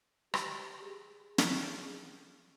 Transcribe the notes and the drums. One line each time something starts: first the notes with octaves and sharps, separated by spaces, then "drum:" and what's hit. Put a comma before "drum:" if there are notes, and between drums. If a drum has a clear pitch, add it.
G4, drum: rim click
G#4
drum: snare